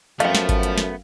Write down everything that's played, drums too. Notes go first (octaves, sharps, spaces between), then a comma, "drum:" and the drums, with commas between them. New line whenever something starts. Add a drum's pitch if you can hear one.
F#2 F3 A3 B3 F5 G5, drum: hi-hat
drum: snare
drum: kick G#1, hi-hat
drum: hi-hat
drum: snare